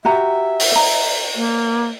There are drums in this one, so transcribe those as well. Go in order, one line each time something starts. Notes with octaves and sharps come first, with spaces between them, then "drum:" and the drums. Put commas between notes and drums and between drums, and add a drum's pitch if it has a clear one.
F#4 G4 E5 A#5
drum: open hi-hat
D#5 A#5
A#3